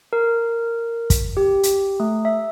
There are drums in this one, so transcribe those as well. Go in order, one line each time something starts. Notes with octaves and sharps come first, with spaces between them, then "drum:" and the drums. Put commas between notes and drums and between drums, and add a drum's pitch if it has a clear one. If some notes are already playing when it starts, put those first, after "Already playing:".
A#4
drum: kick, hi-hat
G4
drum: hi-hat
A3
E5